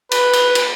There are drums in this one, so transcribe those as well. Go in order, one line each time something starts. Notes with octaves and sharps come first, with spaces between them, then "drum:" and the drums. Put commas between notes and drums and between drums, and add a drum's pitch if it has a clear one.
B4, drum: cymbal
drum: cymbal
drum: cymbal